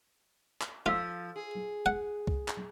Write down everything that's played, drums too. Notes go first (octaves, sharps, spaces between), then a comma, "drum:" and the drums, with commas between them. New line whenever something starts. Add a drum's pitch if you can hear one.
drum: clap
F3 F4 A4 F5 E6
G#4
F#5
drum: kick
drum: clap